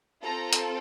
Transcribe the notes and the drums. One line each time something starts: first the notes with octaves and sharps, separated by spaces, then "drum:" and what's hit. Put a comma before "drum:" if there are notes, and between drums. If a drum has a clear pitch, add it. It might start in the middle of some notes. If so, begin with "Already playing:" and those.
C4 F4 A4 A#5
drum: hi-hat